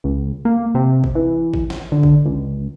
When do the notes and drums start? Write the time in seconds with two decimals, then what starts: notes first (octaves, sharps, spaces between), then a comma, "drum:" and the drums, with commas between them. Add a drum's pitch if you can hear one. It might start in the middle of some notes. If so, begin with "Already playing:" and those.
0.04 C#2
0.45 A#3
0.75 C3
1.04 drum: kick
1.15 E3
1.54 drum: kick
1.70 drum: snare
1.92 D3
2.03 drum: kick
2.26 C#2